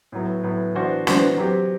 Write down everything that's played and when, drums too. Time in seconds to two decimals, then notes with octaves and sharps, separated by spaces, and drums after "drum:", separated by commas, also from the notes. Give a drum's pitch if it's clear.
0.12 A2 F#3 B3
0.43 A2 F#3 B3
0.75 E3 B3 D4 F#4 C5
1.07 E3 B3 D4 F#4 C5, drum: snare
1.37 F#3 C4 G4